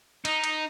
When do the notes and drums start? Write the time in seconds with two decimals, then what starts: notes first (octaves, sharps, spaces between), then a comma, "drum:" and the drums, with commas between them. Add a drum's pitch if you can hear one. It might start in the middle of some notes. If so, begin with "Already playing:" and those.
0.25 D#4, drum: cymbal
0.44 drum: cymbal